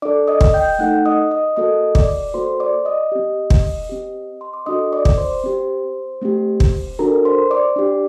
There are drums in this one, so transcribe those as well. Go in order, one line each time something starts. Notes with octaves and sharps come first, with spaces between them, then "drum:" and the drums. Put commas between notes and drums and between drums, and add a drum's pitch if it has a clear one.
D4 A4 D5 D6
D#5 D#6
drum: kick
G5 G6
A3 D#4 A4 F#5 F#6
D#5 D#6
D#5 D#6
A#3 F#4 A4 D#5 D#6
D5 D6, drum: kick
A#3 F#4 A4 C5 C6
D5 D6
D#5 D#6
C4 G4
drum: kick
C4 G4
C6
D6
D4 F#4 A4 D#5 D#6
D5 D6
drum: kick
C5 C6
C4 G4
A3 C4 G4
drum: kick
D4 F#4 A4 A#4 A#5
C5 C6
D5 D6
D4 G4